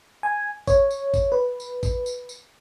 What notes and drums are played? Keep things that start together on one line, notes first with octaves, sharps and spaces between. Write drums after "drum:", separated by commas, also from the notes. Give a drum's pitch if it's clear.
G#5
C#5, drum: kick, tambourine
drum: tambourine
drum: kick, tambourine
B4
drum: tambourine
drum: kick, tambourine
drum: tambourine
drum: tambourine